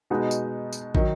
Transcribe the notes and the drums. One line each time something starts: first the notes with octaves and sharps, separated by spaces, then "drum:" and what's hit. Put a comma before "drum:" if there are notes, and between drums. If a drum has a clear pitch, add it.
B2 G#3 B3 D#4 F#4
drum: tambourine
drum: tambourine
D#3 F#3, drum: kick